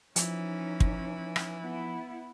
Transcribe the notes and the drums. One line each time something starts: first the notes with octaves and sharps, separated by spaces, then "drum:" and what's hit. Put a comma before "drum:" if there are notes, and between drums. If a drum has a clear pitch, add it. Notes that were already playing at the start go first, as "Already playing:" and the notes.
E3 F3 C#4 D#4, drum: hi-hat
drum: kick
drum: rim click
B3 E4